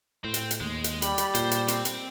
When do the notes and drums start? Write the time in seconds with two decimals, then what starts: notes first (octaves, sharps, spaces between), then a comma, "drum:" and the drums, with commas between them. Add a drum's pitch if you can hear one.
0.24 A2 C4
0.34 drum: hi-hat
0.51 drum: hi-hat
0.61 D#2 G#3
0.84 drum: hi-hat
1.02 G3 B5, drum: hi-hat
1.18 drum: hi-hat
1.35 A#2 C5, drum: hi-hat
1.51 drum: hi-hat
1.68 C4, drum: hi-hat
1.85 drum: hi-hat